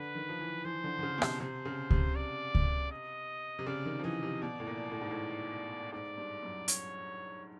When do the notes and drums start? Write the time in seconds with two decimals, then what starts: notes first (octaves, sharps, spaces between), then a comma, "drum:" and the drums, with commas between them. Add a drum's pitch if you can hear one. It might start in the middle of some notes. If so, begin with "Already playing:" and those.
Already playing: D3 B4
0.15 D#3
0.29 F3
0.40 E3
0.65 E3 C5
0.84 D3
0.99 D3
1.03 C#3
1.18 B2
1.22 C3, drum: rim click
1.40 C3 C5
1.65 C#3
1.90 C3, drum: kick C#2
2.15 D5
2.55 drum: kick C#2
2.91 D#5
3.59 C3
3.66 C#3 D5
3.85 D#3
3.99 F3
4.04 E3 D#5
4.22 C3
4.42 B2 D5
4.60 A2
4.67 A#2
4.92 A2
5.01 G#2
5.11 A2
5.92 G#2 D5
6.17 G2
6.43 F#2
6.68 C#5, drum: hi-hat